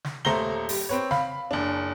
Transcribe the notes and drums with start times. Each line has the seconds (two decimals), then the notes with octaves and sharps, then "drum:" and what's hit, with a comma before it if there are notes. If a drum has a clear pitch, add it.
0.04 drum: snare
0.25 D#1 A3 C5 A#5 A#6 G7, drum: snare
0.69 G3, drum: open hi-hat
0.89 C4 B4 C#5
1.11 F5 B5, drum: snare
1.51 F#1 D4